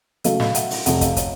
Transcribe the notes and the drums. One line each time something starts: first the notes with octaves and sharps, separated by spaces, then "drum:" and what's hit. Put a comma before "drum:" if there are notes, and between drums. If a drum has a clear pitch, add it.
C#3 F#3 A3 D#5 F5, drum: hi-hat
D#5 F5, drum: snare
E5 F#5, drum: hi-hat
drum: open hi-hat
F1 F2 C3 E5 F#5, drum: hi-hat
D#5 F5, drum: kick, hi-hat
C#5 D#5, drum: kick, hi-hat